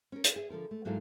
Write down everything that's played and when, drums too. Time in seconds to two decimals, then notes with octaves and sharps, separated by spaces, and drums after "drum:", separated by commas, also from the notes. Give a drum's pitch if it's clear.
0.12 C#4 A#4
0.24 B4, drum: hi-hat
0.36 G#4 E5
0.50 D3 F3 A4 A#4
0.71 A3
0.85 G#2 F#3 A#3 E4 A4 F5